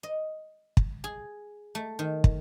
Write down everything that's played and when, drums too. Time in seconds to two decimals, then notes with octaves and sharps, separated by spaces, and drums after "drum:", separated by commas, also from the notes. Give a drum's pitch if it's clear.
0.03 D#5
0.77 drum: kick
1.04 G#4
1.75 A3
1.99 D#3
2.24 drum: kick